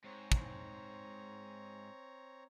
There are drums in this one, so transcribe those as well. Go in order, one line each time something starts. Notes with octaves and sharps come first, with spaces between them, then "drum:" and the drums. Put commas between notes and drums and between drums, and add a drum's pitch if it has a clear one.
G#2 C4 C#5 A#5
drum: kick